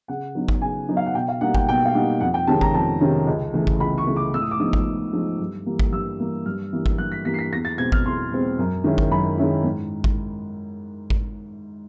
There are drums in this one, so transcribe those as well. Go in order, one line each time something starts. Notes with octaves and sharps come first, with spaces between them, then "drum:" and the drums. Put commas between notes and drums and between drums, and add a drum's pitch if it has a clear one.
C#3 F#5
F#3 B3 D#4
drum: kick G#1
C#3 G#5
F#3 B3 D#4
F5
F#5
B2 G5
F5
G3 A#3 D#4 F#5
G5, drum: kick G#1
B2 G5
F5
G3 A#3 D#4 F#5
F2 F#5
G5
C3 D#3 G#3 C#4 A5
A#5, drum: kick G#1
F2 A5
C3 D#3 G#3 C#4
C#2
C#3 E3 A3
drum: kick G#1
C#2 B5
C#6
C#3 E3 A3
D6
A2 E6
D#6
D6
F3 G#3 B3 D#4 D#6
drum: kick G#1
A2
F3 G#3 B3 D#4
G2
E3 G3 A#3
drum: kick G#1
G2 E6
E3 G3 A#3
G2 F6
E3 G3 A#3 D4
drum: kick G#1
G2 F#6
B6
E3 G3 A#3 D4 B6
C7
B6
E2 A#6
A6
B2 G#3 C4 G#6
F6, drum: kick G#1
E2 C6
B2 G#3 C4
F#2
D#3 G#3 C#4 E4
drum: kick G#1
F#2 B5
D#3 G#3 C#4 E4
G#2
drum: kick G#1
drum: kick G#1